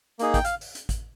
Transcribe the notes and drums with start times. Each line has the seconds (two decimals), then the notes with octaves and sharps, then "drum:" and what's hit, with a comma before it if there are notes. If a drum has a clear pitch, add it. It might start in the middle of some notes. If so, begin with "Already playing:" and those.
0.19 A#3 D#4 G#4, drum: hi-hat
0.34 G5, drum: kick G#1, hi-hat
0.45 F5, drum: hi-hat
0.61 drum: open hi-hat
0.75 drum: hi-hat
0.89 drum: kick G#1, hi-hat